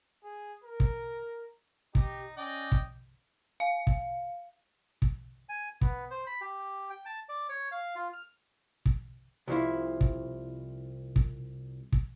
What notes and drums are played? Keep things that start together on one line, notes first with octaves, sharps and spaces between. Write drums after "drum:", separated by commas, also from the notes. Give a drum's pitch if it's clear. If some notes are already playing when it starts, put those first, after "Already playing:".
G#4
A#4
drum: kick
D#4 G4, drum: kick
C#4 D5 D#5 G5
drum: kick
F5
drum: kick
drum: kick
G#5
B3, drum: kick
C5
B5
G4
G5
A5
D5
C#5
F5
F4
F6
drum: kick
C2 F3 E4
drum: kick
drum: kick
drum: kick